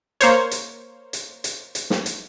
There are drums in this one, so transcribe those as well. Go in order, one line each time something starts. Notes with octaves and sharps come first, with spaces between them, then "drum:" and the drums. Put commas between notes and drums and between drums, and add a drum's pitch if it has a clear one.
A#3 C5 C#5, drum: hi-hat
drum: hi-hat
drum: hi-hat
drum: hi-hat
drum: hi-hat
drum: snare
drum: hi-hat